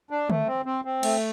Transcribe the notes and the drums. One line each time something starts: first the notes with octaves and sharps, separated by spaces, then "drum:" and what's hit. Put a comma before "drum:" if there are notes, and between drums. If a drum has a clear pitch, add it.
D4
A3, drum: tom D3
C4
C4
C4
A3, drum: cymbal